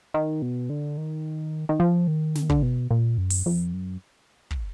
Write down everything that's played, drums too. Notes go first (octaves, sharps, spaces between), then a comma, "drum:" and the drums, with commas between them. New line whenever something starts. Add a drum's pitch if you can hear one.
D#3
B2
D3
D#3
D#3
F3
D#3
D3, drum: snare
D#3
D3, drum: kick
B2
A#2
F#2
drum: open hi-hat
F2
F#2
drum: kick